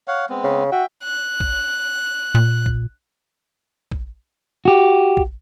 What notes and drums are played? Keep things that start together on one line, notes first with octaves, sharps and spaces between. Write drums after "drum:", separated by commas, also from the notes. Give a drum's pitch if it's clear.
C#5 F5 F#5
G#3 B3 C4
C#3
F#4 E5 G5
F#6
drum: kick
A#2
drum: kick
drum: kick
F#4 G4
drum: kick